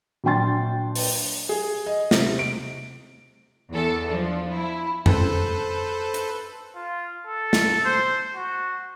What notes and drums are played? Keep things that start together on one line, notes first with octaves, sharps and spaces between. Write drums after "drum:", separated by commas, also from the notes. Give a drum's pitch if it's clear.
A#1 F#3 D4 G5 C6 A6
drum: open hi-hat
G#4
D#5
C3, drum: snare
D7
E2 A4
F3 D4
E4
A4 B4 C5, drum: tom F2
drum: hi-hat
F4
A4
drum: snare
C5
F#4